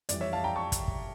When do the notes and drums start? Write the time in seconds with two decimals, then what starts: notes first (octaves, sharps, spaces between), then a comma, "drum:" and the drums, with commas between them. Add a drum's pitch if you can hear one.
0.09 F2 E3 G3 D5, drum: hi-hat
0.21 C#5 E5
0.33 F5 A5
0.44 G5 A#5
0.56 A5 C#6
0.72 drum: kick, hi-hat
0.88 drum: kick